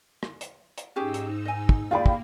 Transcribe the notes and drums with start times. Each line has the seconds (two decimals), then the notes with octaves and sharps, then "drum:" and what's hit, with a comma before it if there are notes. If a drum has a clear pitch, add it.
0.23 drum: rim click
0.41 drum: hi-hat
0.78 drum: hi-hat
0.96 G#2 C#4 D#4 G4 G#4 E6
1.14 drum: hi-hat
1.45 D#5 G#5
1.69 drum: kick
1.91 A#3 F4 G#4 D5 F5 G5 B5
2.06 drum: kick